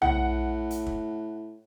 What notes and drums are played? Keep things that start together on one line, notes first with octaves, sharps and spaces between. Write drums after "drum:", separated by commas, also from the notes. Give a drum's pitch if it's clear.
A2 F#5, drum: tom
drum: hi-hat
drum: kick